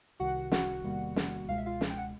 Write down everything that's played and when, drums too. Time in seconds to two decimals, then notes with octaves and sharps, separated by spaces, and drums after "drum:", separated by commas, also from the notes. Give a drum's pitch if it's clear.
0.20 C2 C3 D#3 F#4 F#5
0.52 F#4 F#5, drum: snare
0.84 E2 C3 D#3 G3 A#3
1.16 drum: snare
1.48 C#2 B2 G#3 F5
1.58 E5
1.66 F4 F5
1.81 drum: snare
1.90 G5
1.98 F#5